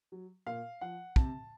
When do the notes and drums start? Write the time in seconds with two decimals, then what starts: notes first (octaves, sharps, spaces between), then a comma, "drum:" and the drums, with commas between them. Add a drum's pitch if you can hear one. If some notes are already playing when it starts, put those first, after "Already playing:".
0.12 F#3
0.46 A#2 F5
0.81 F3 F#5
1.16 C3 A5, drum: kick